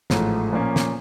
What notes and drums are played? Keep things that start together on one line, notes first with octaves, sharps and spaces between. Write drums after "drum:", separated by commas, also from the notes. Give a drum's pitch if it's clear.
A1 G#2 F3 A3, drum: snare
A#2 F3 A#3 C#4
drum: snare